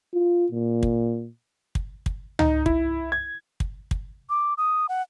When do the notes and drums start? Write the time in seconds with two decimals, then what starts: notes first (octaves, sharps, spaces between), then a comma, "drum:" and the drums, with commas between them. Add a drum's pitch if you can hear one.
0.14 F4
0.52 A#2
0.83 drum: kick
1.75 drum: kick
2.06 drum: kick
2.39 D#4, drum: tom C#2
2.66 E4, drum: kick
3.12 G#6
3.60 drum: kick
3.91 drum: kick
4.30 D6
4.58 D#6
4.89 F#5